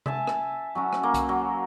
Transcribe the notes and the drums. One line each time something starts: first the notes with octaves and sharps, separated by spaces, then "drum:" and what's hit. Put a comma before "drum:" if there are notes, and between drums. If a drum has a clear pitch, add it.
E5 G#5 A5, drum: tom C3
drum: rim click
F#3 C#4 F#4
drum: rim click
A#3
drum: kick B1, hi-hat
F#3